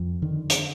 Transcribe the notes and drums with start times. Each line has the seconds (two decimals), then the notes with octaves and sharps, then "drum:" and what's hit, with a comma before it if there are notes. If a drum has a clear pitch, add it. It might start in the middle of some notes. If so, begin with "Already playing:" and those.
Already playing: F2
0.22 D3 D#3
0.50 drum: hi-hat